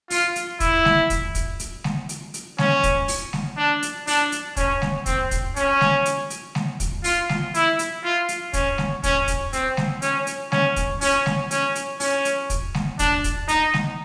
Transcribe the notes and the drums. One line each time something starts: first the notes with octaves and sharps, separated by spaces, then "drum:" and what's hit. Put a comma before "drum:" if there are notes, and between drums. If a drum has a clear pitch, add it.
F4, drum: open hi-hat
drum: hi-hat
E4, drum: kick, hi-hat
drum: snare G#3
drum: kick, hi-hat
drum: kick, hi-hat
drum: hi-hat
drum: snare G#3
drum: hi-hat
drum: hi-hat
C#4, drum: snare G#3
drum: kick, hi-hat
drum: open hi-hat
drum: snare G#3
D4
drum: hi-hat
D4, drum: open hi-hat
drum: hi-hat
C#4, drum: kick, hi-hat
drum: snare G#3
C4, drum: kick, hi-hat
drum: kick, hi-hat
C#4, drum: hi-hat
drum: snare G#3
drum: hi-hat
drum: hi-hat
drum: snare G#3
drum: kick, hi-hat
F4, drum: open hi-hat
drum: snare G#3
E4, drum: hi-hat
drum: hi-hat
F4
drum: hi-hat
C#4, drum: kick, hi-hat
drum: snare G#3
C#4, drum: kick, hi-hat
drum: kick, hi-hat
C4, drum: hi-hat
drum: snare G#3
C#4, drum: hi-hat
drum: hi-hat
C#4, drum: snare G#3
drum: kick, hi-hat
C#4, drum: open hi-hat
drum: snare G#3
C#4, drum: hi-hat
drum: hi-hat
C#4, drum: open hi-hat
drum: hi-hat
drum: kick, hi-hat
drum: snare G#3
D4, drum: kick, hi-hat
drum: kick, hi-hat
D#4, drum: hi-hat
drum: snare G#3